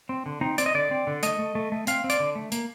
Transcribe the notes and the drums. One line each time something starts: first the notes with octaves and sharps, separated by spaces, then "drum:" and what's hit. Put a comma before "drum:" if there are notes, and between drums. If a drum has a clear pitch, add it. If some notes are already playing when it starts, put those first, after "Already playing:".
C4
D3
C4 D#4
C4 D5, drum: hi-hat
D#5
D3 D5
C4
D3
A3 D#5, drum: hi-hat
A3
A3
A3
C4 F5, drum: hi-hat
C4
D5, drum: hi-hat
D3
A3
A#3, drum: hi-hat